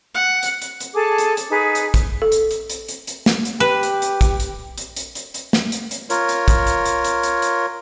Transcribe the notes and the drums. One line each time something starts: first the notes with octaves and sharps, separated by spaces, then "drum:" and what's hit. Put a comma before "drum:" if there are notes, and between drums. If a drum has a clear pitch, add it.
F#5
drum: hi-hat
drum: hi-hat
drum: hi-hat
G#4 A4 A5 D6
drum: hi-hat
drum: hi-hat
D#4 G#4 B4
drum: hi-hat
drum: kick, hi-hat
A4
drum: hi-hat
drum: hi-hat
drum: hi-hat
drum: hi-hat
drum: hi-hat
drum: snare
drum: hi-hat
G4 B4
drum: hi-hat
drum: hi-hat
drum: kick, hi-hat
drum: hi-hat
drum: hi-hat
drum: hi-hat
drum: hi-hat
drum: hi-hat
drum: snare
drum: hi-hat
drum: hi-hat
F4 A#4 C#5, drum: hi-hat
drum: hi-hat
drum: kick, hi-hat
drum: hi-hat
drum: hi-hat
drum: hi-hat
drum: hi-hat
drum: hi-hat